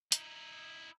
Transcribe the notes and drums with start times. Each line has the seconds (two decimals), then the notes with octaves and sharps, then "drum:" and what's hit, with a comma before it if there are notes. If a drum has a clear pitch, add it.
0.12 D#4 E4, drum: hi-hat